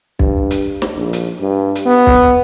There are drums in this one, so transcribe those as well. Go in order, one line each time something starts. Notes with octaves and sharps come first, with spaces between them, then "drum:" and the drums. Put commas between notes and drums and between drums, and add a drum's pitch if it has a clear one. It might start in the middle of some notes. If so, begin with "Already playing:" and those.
G2, drum: kick
drum: hi-hat
drum: snare
A#1
drum: hi-hat
G2
drum: hi-hat
B3
drum: kick